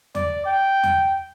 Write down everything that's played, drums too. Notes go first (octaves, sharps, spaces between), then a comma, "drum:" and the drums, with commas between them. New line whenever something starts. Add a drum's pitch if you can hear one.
D5, drum: tom E2
G5
drum: tom E2